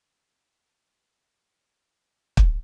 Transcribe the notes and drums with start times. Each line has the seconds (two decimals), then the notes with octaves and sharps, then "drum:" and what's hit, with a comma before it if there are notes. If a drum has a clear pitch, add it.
0.55 G#2
1.77 E2 A5
2.37 drum: kick